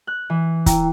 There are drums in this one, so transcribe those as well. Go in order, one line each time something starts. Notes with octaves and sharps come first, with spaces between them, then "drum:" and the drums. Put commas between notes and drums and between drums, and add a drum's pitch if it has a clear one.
F#6
E3
E4 G5 A#5, drum: kick, hi-hat